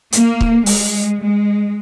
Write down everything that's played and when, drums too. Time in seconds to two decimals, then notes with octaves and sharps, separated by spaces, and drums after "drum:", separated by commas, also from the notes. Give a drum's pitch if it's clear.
0.12 A#3, drum: hi-hat
0.41 drum: kick C#1
0.66 G#3, drum: open hi-hat
1.22 G#3